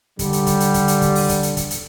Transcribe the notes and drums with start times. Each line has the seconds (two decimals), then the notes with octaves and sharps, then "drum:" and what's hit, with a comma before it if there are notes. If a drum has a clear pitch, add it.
0.19 D3 G3, drum: kick, hi-hat
0.33 drum: hi-hat
0.46 drum: kick, hi-hat
0.60 drum: hi-hat
0.74 drum: kick, hi-hat
0.88 drum: hi-hat
1.02 drum: kick, hi-hat
1.15 drum: open hi-hat
1.29 drum: kick, hi-hat
1.43 drum: hi-hat
1.57 drum: kick, hi-hat
1.70 drum: hi-hat